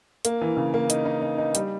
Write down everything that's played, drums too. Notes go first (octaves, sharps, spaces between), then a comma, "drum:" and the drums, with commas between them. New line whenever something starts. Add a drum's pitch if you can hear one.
A#3, drum: hi-hat
E3
C#3
A#3
D#4, drum: hi-hat
D#4
D#4
D#4
G3, drum: hi-hat